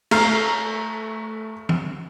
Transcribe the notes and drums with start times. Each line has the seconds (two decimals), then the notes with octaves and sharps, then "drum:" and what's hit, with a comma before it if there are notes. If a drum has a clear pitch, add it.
0.11 A3 A#5 F6 C7, drum: cymbal
1.69 drum: tom